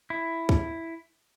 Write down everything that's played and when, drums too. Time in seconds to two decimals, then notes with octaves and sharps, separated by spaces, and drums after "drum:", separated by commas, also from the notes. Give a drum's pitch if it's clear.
0.10 E4
0.49 drum: kick